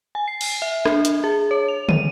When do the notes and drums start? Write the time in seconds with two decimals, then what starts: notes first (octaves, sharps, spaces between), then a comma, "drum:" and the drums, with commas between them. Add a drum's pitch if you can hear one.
0.15 G#5
0.28 C7
0.41 drum: cymbal
0.62 E5
0.85 D4, drum: rim click
1.05 drum: hi-hat
1.24 G#4
1.51 C#5
1.68 F7
1.89 D#7, drum: tom